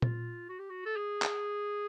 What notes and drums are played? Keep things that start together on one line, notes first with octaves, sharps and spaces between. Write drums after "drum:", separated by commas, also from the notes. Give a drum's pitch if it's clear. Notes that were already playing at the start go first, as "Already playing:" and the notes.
F4, drum: tom A#2
F#4
G4
F#4
A4
G#4
drum: clap